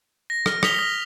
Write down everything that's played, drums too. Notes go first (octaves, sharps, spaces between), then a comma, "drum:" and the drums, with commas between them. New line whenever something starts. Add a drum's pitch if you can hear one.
A#6
F6, drum: rim click
D#6 B6 F7 G7, drum: rim click
D#6 A#6